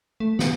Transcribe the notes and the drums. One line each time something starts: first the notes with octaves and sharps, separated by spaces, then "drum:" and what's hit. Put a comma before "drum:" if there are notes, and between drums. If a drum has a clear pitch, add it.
A3
B3, drum: snare